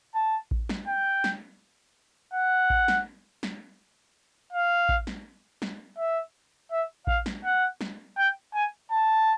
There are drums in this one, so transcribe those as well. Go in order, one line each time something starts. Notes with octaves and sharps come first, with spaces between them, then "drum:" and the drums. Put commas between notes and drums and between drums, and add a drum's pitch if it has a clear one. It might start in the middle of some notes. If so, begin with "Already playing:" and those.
A5
drum: kick A1
drum: snare
G5
drum: snare
F#5
drum: kick A1
drum: snare
drum: snare
F5
drum: kick A1
drum: snare
drum: snare
E5
E5
F5, drum: kick A1
drum: snare
F#5
drum: snare
G5
G#5
A5